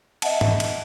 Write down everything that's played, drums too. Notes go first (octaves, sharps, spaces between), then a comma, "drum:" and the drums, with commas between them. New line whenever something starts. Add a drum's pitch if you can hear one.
D#5 E5 F#5 A5, drum: cymbal
drum: tom
drum: cymbal